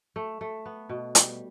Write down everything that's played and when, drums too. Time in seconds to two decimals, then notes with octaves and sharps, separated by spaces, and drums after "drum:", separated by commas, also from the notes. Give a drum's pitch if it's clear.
0.16 A3
0.41 A3
0.66 B3
0.89 B2
1.15 G3, drum: hi-hat